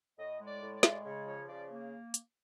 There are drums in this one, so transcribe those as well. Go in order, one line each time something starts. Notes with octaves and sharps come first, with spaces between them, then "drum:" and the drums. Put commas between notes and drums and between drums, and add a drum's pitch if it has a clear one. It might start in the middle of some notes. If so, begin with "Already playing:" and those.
A2 D#5
G#3
D5
A2
D5
G#3, drum: snare
C#3 C#5
F3 C#5
C#3 D5
A#3
drum: hi-hat